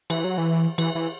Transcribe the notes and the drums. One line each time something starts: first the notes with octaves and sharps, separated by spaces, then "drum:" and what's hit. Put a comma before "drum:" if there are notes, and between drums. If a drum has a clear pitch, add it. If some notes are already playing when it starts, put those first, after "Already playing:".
E3, drum: cymbal
F#3
E3
E3, drum: cymbal
E3